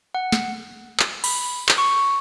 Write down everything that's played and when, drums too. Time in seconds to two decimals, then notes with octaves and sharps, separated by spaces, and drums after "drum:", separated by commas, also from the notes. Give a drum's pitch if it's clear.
0.15 F#5
0.32 drum: snare
1.00 drum: clap
1.24 B5, drum: cymbal
1.69 drum: clap
1.78 C#6